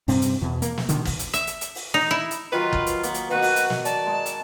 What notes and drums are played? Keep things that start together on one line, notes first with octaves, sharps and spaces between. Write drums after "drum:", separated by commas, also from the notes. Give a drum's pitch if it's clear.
G2 C3 C4, drum: open hi-hat
drum: hi-hat
E2 B2
A#3, drum: hi-hat
drum: snare
B2 D3 D#3, drum: hi-hat
drum: kick, open hi-hat
drum: hi-hat
E5, drum: hi-hat
drum: hi-hat
drum: hi-hat
drum: open hi-hat
D#4
E4
drum: hi-hat
D#3 F#3 F4 B4
drum: kick
drum: hi-hat
A#3 B3, drum: hi-hat
drum: hi-hat
B2 D#3 F#4 B4
drum: open hi-hat
drum: hi-hat
drum: snare
D5 A5, drum: hi-hat
G#3
drum: hi-hat